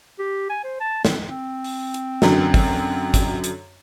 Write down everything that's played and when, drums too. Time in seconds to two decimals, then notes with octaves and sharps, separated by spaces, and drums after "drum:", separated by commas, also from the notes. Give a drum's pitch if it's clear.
0.19 G4
0.50 G#5
0.64 C5
0.80 A5
1.05 C4, drum: snare
1.29 C4
1.64 drum: open hi-hat
1.94 drum: hi-hat
2.22 F#2 D3 F#3, drum: snare
2.54 drum: kick G#1, open hi-hat
3.14 drum: kick G#1, hi-hat
3.44 drum: hi-hat